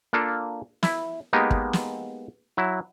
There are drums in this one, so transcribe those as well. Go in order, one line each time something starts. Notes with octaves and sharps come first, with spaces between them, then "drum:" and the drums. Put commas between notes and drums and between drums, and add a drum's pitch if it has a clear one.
A#3 D4 F4 A4
E4, drum: snare
G#3 A#3 B3 D#4 G4
drum: kick
drum: snare
F#3 E4